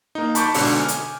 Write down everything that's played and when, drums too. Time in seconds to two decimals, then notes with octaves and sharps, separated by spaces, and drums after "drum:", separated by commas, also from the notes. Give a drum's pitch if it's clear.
0.15 A#3 D#4
0.35 A5 B5 C#6 D6 G6, drum: hi-hat
0.54 G#2 B2 D3, drum: open hi-hat
0.76 G#5 F6
0.88 drum: hi-hat